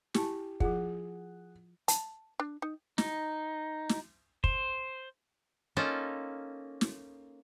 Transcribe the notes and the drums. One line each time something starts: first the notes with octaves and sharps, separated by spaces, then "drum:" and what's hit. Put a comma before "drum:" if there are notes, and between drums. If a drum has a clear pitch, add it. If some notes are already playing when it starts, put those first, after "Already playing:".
E4 G4 G#5 A5, drum: snare
F3 F4 G#4 F#5, drum: kick
A5, drum: hi-hat
D4
D#4
D#4, drum: snare
drum: snare
C5, drum: kick
A#3 C#4 D#4 F4 A4
drum: snare